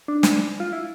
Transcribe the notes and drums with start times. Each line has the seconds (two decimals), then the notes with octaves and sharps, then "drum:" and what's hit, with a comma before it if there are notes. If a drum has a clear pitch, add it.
0.08 D4
0.23 drum: snare
0.60 F4
0.73 E4